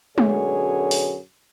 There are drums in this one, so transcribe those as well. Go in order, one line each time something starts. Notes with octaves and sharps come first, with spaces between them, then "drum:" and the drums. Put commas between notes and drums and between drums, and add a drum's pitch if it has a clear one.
F#2 B2 D3 F#4 G#4 C#5, drum: tom G#3
drum: open hi-hat